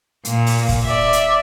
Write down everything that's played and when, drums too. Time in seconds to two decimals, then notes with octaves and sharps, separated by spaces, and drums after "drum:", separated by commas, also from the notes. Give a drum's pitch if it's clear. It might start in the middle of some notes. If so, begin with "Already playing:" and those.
0.25 A#2, drum: hi-hat
0.47 drum: open hi-hat
0.69 drum: kick, open hi-hat
0.84 D5 E5
1.13 drum: hi-hat